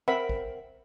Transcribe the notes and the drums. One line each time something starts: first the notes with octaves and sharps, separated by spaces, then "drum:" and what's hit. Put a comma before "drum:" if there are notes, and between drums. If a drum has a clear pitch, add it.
C4 A#4 E5 F#5 B5
drum: kick A#1